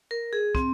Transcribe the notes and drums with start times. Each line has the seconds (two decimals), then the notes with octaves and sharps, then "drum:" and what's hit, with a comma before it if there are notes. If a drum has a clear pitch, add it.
0.11 A#4
0.33 G#4
0.55 C4, drum: kick